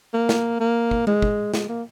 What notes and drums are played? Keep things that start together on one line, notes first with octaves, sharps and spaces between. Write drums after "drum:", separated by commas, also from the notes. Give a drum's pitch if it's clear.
A#3
drum: snare
A#3
drum: kick
G#3, drum: tom G#3
drum: kick
G#3, drum: snare
A#3